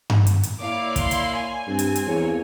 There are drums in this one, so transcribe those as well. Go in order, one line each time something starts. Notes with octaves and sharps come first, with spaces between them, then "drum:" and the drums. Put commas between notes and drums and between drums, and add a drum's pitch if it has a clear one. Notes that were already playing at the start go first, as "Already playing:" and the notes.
drum: tom G2
drum: hi-hat
drum: hi-hat
A#3 E4 C#5 D5 F5 D6
C6, drum: kick, hi-hat
drum: hi-hat
G#5
G2 C4
drum: hi-hat
drum: hi-hat
E2 G2 A#3 C#5